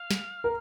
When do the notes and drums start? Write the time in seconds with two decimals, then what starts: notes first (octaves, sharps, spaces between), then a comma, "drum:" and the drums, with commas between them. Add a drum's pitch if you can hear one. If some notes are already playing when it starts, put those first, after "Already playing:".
Already playing: F5
0.11 drum: snare
0.44 A#4